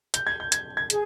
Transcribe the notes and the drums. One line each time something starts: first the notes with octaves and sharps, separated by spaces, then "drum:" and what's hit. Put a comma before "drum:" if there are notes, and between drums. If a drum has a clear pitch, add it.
G6, drum: hi-hat
G#6
G6
G#6, drum: hi-hat
G#6
G#4, drum: hi-hat